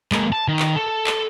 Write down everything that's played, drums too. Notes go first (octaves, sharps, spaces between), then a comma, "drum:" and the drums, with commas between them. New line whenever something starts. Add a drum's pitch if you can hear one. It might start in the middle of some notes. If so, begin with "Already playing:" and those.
G#3 A#3, drum: clap
A5
D#3
drum: clap
A4
drum: clap